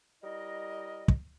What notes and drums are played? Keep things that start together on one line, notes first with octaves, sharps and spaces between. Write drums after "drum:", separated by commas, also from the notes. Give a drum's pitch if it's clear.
G3 E4 A#4 D#5
drum: kick